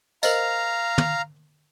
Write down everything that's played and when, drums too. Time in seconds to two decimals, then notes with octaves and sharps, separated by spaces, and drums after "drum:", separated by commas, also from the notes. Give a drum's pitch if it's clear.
0.23 A#4 C5 D#5 F5 A#5, drum: tambourine
0.98 drum: tom